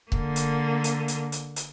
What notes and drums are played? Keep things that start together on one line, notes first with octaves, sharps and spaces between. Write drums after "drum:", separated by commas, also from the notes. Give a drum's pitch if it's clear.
D3 A#3, drum: kick C#1
drum: hi-hat
drum: hi-hat
drum: hi-hat
drum: hi-hat
drum: hi-hat